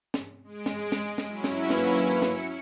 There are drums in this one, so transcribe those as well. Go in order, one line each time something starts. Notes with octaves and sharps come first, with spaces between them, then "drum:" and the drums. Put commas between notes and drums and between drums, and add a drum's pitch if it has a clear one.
drum: snare
G#3 D7
drum: snare
drum: snare
drum: snare
F#3 C#4 E4
drum: snare
G#1 A#3 B4, drum: snare
C#7
drum: snare